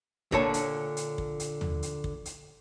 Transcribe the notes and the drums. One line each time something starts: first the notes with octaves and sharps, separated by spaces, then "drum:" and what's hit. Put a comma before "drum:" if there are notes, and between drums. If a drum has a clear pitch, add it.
A#2 D3 C#5 A5, drum: kick
drum: hi-hat
drum: hi-hat
drum: kick
drum: hi-hat
drum: tom
drum: hi-hat
drum: kick
drum: hi-hat